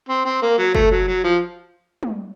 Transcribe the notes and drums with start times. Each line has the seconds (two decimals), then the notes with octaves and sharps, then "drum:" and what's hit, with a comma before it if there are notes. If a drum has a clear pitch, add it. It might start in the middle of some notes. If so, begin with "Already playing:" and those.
0.09 C4
0.25 C4
0.42 A#3
0.58 F#3
0.75 A3, drum: kick
0.91 F#3
1.08 F#3
1.24 F3
2.03 drum: tom